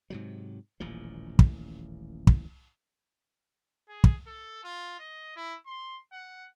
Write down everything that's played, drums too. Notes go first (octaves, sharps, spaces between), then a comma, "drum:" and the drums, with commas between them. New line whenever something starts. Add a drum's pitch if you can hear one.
G#2 C3 F#3
D#1 A1 A#2 F3
drum: kick
drum: kick
G#4
drum: kick
A4
F4
D#5
E4
C6
F#5